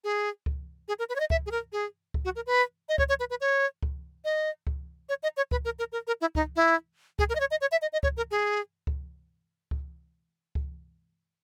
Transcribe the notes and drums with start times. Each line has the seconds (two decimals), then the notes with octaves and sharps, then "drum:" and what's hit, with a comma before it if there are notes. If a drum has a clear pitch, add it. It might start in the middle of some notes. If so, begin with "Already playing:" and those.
0.04 G#4
0.46 drum: kick C#2
0.88 G#4
0.99 A#4
1.09 B4
1.15 C#5
1.20 D#5
1.30 E5, drum: kick C#2
1.46 G#4
1.51 A#4
1.72 G#4
2.14 drum: kick C#2
2.25 F#4
2.36 A#4
2.46 B4
2.89 D#5
2.98 C#5, drum: kick C#2
3.09 C#5
3.20 B4
3.30 B4
3.41 C#5
3.83 drum: kick C#2
4.25 D#5
4.67 drum: kick C#2
5.09 C#5
5.23 D#5
5.37 C#5
5.51 B4, drum: kick C#2
5.65 A#4
5.79 A#4
5.92 A#4
6.07 A#4
6.21 E4
6.35 D#4, drum: kick C#2
6.56 E4
7.19 G#4, drum: kick C#2
7.29 A#4
7.35 D#5
7.40 C#5
7.51 D#5
7.61 C#5
7.72 E5
7.82 D#5
7.93 D#5
8.03 C#5, drum: kick C#2
8.17 A#4
8.31 G#4
8.87 drum: kick C#2
9.71 drum: kick C#2
10.55 drum: kick C#2